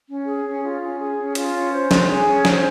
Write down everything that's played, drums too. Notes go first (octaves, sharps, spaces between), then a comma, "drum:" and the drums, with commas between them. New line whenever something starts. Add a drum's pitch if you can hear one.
C#4
G#4
C#4
F4
C#4
G#4
C#4
F4, drum: hi-hat
C#4
C5
C#4, drum: snare
G#4
C#4
C5, drum: snare